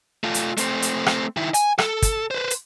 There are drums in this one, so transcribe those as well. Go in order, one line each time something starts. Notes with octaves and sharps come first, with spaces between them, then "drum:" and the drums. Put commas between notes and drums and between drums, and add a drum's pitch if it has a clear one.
A3 F4
drum: hi-hat
A3 C4, drum: hi-hat
drum: hi-hat
drum: rim click
D#3 E4
G#5, drum: hi-hat
A4, drum: rim click
drum: kick, hi-hat
B4 C5
drum: hi-hat